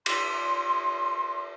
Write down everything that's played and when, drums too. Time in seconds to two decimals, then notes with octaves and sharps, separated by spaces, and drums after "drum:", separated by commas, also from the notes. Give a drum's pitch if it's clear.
0.06 C6, drum: cymbal